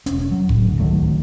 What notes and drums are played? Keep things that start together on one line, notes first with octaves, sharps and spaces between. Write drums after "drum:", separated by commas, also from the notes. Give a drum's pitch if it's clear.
E1 C#4, drum: hi-hat
F#3
A2, drum: kick F1
D2
C#2 D#3 F#3 A3